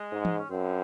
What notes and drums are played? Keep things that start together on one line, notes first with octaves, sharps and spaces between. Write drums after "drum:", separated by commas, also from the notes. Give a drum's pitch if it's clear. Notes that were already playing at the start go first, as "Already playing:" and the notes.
Already playing: G#3
G#2
drum: tom E3
C#4
F#2 C4